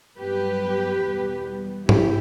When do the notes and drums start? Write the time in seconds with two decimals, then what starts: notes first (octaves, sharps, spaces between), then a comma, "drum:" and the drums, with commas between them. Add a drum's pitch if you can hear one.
0.18 G2 F#3 B3 G4 B4
1.04 E2 B2 G3 B3
1.89 G3 B3 E4 G4, drum: tom G#2